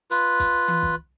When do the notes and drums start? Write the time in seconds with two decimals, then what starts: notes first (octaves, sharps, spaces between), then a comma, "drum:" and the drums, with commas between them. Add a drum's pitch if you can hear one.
0.11 F4 B4, drum: hi-hat
0.39 drum: kick, hi-hat
0.68 drum: tom E3
0.82 drum: kick